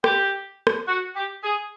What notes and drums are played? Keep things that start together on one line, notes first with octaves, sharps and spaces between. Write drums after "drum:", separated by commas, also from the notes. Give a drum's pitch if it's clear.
G4, drum: rim click
drum: rim click
F#4
G4
G#4